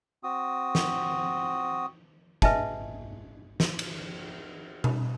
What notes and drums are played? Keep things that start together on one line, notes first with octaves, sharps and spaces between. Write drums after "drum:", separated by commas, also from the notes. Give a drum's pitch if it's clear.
C4 F#4 D#6
drum: snare
G#4 B4 D#5 E5 G#5 A5, drum: kick
drum: snare
drum: cymbal
drum: tom B2